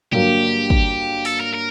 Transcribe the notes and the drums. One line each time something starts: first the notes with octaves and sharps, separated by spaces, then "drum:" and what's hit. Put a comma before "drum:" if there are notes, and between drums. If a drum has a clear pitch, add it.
G2 D3 F#3 A#3 F#4 G4, drum: tom G2
drum: kick
A4, drum: open hi-hat
A#4
A#4